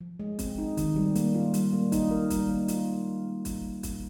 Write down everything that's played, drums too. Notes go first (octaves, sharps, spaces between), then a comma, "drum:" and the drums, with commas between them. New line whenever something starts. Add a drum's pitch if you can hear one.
F3
G#3
C4, drum: kick, hi-hat
D#4
D#3, drum: kick, hi-hat
G3
A#3, drum: hi-hat
F4
G3, drum: hi-hat
A#3
D#4, drum: kick, hi-hat
A#4
G3, drum: kick, hi-hat
A#3
F4, drum: hi-hat
drum: kick, hi-hat
drum: kick, hi-hat